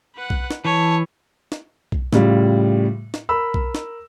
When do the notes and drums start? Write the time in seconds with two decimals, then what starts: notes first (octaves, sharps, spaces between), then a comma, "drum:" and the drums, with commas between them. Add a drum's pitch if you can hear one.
0.15 B4 F#5
0.30 drum: kick B1
0.50 drum: snare
0.65 E3 C#5 A5
1.52 drum: snare
1.92 drum: kick B1
2.13 A2 C#3 G3 F4, drum: snare
3.14 drum: snare
3.29 A#4 B5 E6
3.54 drum: kick B1
3.75 drum: snare